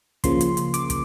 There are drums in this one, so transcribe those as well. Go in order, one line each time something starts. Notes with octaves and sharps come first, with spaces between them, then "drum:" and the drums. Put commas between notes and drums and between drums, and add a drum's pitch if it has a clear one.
C#3 F3 A#3 C6, drum: kick, hi-hat
drum: hi-hat
drum: hi-hat
D6, drum: hi-hat
drum: kick, hi-hat